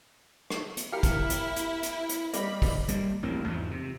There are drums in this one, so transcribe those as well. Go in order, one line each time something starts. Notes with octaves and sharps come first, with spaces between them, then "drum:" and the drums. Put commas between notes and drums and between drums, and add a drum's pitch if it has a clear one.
drum: rim click
drum: hi-hat
E4 G4 A#4 F5 F6 C#7
drum: kick, hi-hat
drum: hi-hat
drum: hi-hat
drum: hi-hat
drum: hi-hat
G3 A#3 D#5 B5, drum: hi-hat
drum: kick, open hi-hat
G3 A#3, drum: hi-hat
A1 D2 A#3 C4
E2 G#2 F3
C3